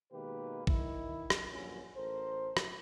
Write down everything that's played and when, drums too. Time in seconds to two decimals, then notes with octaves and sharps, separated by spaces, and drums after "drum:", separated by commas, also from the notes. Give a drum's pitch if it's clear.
0.12 B2 D#3 G#3 A#3 G4 B4
0.67 D#3 E4, drum: kick
1.30 drum: rim click
1.52 A#1 G2 D3 F#3 C#4
1.96 A1 A4 A#4 C5
2.57 drum: rim click